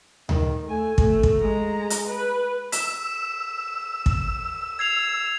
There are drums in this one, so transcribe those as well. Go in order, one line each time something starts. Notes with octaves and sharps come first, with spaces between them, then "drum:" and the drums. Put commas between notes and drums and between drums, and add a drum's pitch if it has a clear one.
D#3, drum: tom D2
A3 G#5
A3, drum: kick
drum: kick
G#3 A#5
drum: hi-hat
B4
E6 B6 E7, drum: hi-hat
drum: kick
G#6 C7 F7